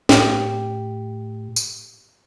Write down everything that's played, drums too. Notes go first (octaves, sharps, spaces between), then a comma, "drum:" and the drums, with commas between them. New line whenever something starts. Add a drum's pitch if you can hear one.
A2 G4, drum: snare
drum: tambourine